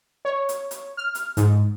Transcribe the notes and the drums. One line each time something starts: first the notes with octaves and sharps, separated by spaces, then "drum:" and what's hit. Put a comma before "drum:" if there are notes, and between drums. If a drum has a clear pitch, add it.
C#5
drum: hi-hat
drum: hi-hat
F6
drum: hi-hat
G#2, drum: kick, hi-hat